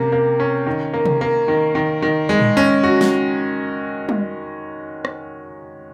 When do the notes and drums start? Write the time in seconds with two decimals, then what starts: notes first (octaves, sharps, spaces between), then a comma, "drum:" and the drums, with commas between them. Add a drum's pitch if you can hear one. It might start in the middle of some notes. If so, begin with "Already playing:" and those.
Already playing: C3 A#3 C#4
0.12 A#3
0.40 C#4
0.67 D#3
0.94 A#3
1.06 drum: tom C3
1.21 A#3
1.48 D#3
1.75 D#3
2.02 D#3
2.29 G#3
2.39 drum: tom A2
2.57 C#4
2.84 F#4
3.01 drum: snare
4.09 drum: tom G3
5.05 drum: rim click